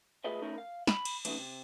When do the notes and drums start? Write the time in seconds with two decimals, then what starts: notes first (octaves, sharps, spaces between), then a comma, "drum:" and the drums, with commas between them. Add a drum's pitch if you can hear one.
0.24 A3 F4 G#4 B4 D#5 E5
0.42 A3 C#4 D#4 E4 A#4 C#5
0.58 F5
0.87 B5, drum: snare
1.05 drum: cymbal
1.25 E3 A3 B3 C#4 D#4, drum: cymbal
1.38 C3